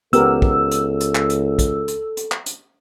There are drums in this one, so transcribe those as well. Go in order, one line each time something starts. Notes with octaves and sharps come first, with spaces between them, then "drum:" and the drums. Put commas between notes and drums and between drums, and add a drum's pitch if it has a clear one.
C#2 B3 G4 A4 A#4 E6, drum: hi-hat
drum: kick
drum: hi-hat
drum: hi-hat
drum: clap
drum: hi-hat
drum: kick, hi-hat
drum: hi-hat
drum: hi-hat
drum: clap
drum: hi-hat